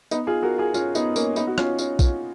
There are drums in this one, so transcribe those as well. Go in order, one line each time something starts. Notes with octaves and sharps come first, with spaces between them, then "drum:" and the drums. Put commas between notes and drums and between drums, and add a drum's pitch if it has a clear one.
B3 D#4, drum: tambourine
F4 G#4
F#4 A#4
F4 G#4
C#4 F4, drum: tambourine
B3 D#4, drum: tambourine
A#3 C#4, drum: tambourine
B3 D#4, drum: tambourine
F#4
C#4 F4, drum: rim click
C#4 F4, drum: tambourine
C#4 F4, drum: kick A#1, tambourine